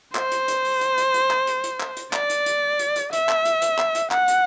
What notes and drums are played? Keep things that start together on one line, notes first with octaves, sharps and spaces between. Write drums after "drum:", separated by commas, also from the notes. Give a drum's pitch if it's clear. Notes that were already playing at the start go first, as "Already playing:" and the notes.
C5, drum: clap
drum: hi-hat
drum: hi-hat
drum: open hi-hat
drum: hi-hat
drum: hi-hat
drum: hi-hat
drum: clap
drum: hi-hat
drum: hi-hat
drum: clap
drum: hi-hat
D5, drum: clap
drum: hi-hat
drum: hi-hat
drum: hi-hat
drum: hi-hat
E5, drum: hi-hat
drum: clap
drum: hi-hat
drum: hi-hat
drum: clap
drum: hi-hat
F#5, drum: clap
drum: hi-hat